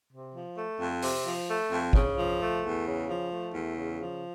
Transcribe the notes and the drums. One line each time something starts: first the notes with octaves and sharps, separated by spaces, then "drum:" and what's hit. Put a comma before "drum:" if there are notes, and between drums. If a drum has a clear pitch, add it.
C3
F3
A3
F2
C3, drum: open hi-hat
F3
A3
F2
C#3, drum: kick
F3
A3
E2
C#3
F3
A3
E2
C#3
F3